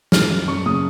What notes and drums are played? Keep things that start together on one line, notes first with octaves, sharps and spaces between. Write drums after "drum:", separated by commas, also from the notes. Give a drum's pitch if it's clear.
F#2 F6, drum: snare
F#2
F#2 C#6
C#3 D#6